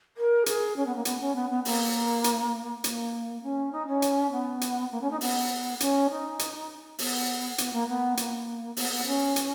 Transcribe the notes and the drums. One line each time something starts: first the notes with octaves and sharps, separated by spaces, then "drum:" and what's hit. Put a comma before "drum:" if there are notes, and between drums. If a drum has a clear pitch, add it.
A#4
G#4, drum: hi-hat
C#4
B3
A#3
B3, drum: hi-hat
C#4
B3
B3
A#3, drum: open hi-hat
drum: hi-hat
A#3, drum: hi-hat
C#4
D#4
C#4
drum: hi-hat
B3
drum: hi-hat
A#3
C#4
D#4
B3, drum: open hi-hat
C#4, drum: hi-hat
D#4
drum: hi-hat
B3, drum: open hi-hat
B3, drum: hi-hat
A#3
B3
A#3, drum: hi-hat
B3, drum: open hi-hat
B3
C#4
drum: hi-hat